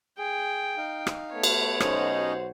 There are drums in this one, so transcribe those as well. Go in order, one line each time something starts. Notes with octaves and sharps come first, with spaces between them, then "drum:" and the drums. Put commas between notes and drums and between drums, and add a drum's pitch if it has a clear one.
G#4 G5
D#4 F5
drum: rim click
A3 B3 C#5
drum: cymbal
B1 C#4 D#4 F#4 C5 D#5, drum: rim click